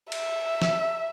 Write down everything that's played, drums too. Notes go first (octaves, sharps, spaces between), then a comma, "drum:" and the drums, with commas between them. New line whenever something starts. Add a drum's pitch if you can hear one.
E5, drum: cymbal
drum: snare